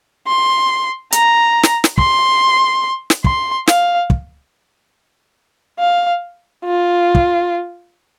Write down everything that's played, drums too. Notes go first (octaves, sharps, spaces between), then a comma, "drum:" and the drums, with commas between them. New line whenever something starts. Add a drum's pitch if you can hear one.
C6
A#5, drum: hi-hat
drum: snare
drum: snare
C6, drum: kick
drum: snare
C6, drum: kick
F5, drum: snare
drum: kick
F5
F4
drum: kick